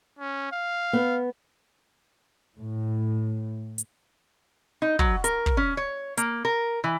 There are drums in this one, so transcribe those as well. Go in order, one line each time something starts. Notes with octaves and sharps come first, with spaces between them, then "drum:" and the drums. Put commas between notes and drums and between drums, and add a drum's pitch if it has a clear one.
C#4
F5
B3
A2
drum: hi-hat
D#4
F#3, drum: kick
A#4, drum: hi-hat
drum: kick
C#4
C#5
A#3, drum: hi-hat
A#4
E3